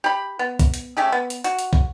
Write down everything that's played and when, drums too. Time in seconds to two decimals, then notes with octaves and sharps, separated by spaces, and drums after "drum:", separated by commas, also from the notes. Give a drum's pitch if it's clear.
0.04 G4 B5
0.39 B3
0.59 drum: kick, hi-hat
0.74 drum: hi-hat
0.97 A3 C#4 G4 G#4
1.12 B3
1.30 drum: hi-hat
1.44 F#4, drum: hi-hat
1.59 drum: hi-hat
1.73 drum: kick